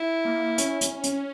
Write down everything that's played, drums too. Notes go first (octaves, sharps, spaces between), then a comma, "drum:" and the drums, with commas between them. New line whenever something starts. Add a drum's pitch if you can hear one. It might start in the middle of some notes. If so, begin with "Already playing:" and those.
Already playing: E4
A#3
C#4, drum: hi-hat
drum: hi-hat
drum: hi-hat